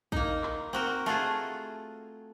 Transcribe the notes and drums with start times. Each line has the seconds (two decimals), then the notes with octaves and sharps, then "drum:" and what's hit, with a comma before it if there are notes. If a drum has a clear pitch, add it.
0.12 A#3 D#4, drum: kick
0.43 drum: clap
0.73 C4 F#4 A#4
1.06 A3 F4 F#4 G#4